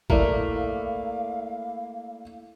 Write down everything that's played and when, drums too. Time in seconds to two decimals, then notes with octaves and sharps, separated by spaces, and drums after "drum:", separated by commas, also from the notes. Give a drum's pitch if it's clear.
0.10 A3 A#3 E4 A#4 D5 F5, drum: kick